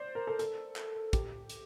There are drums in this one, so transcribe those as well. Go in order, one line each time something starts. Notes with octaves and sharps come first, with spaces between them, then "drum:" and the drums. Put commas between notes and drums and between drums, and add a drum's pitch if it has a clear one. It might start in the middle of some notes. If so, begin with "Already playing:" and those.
Already playing: C5 D5
A#4
A4
A4, drum: hi-hat
drum: clap
G4, drum: kick, hi-hat
drum: hi-hat